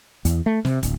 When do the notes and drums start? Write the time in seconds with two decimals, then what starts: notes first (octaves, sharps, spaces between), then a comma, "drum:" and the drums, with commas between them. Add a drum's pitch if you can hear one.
0.25 E2, drum: hi-hat
0.46 A3
0.65 C3, drum: snare
0.83 D1, drum: kick, hi-hat